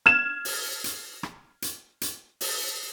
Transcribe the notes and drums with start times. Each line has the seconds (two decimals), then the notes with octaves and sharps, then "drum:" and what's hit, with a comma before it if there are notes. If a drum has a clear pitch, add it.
0.06 F6 G#6 E7, drum: rim click
0.45 drum: open hi-hat
0.84 drum: hi-hat
1.23 drum: rim click
1.62 drum: hi-hat
2.01 drum: hi-hat
2.41 drum: open hi-hat